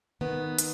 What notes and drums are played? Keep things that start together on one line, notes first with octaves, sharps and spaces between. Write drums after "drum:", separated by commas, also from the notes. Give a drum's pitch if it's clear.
D#3 B3
drum: hi-hat